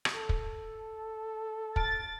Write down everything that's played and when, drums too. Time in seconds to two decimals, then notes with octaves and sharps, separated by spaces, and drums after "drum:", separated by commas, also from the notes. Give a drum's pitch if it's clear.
0.05 drum: rim click
0.15 A4
0.29 drum: kick
1.76 A5 F6 A6 D7, drum: kick